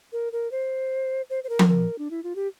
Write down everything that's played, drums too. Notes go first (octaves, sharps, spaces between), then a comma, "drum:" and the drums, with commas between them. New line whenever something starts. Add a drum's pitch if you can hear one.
A#4
A#4
C5
C5
C5
A#4
drum: tom F3
A#4
D4
E4
F4
G4